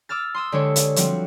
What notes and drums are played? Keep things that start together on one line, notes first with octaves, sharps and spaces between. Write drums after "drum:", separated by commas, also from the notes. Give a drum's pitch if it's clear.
D6 E6 F6 A6
C6 D#6 E6
D3 G#3 D4 G4 A4 C#5
drum: hi-hat
F3 G3 C4 F#4, drum: hi-hat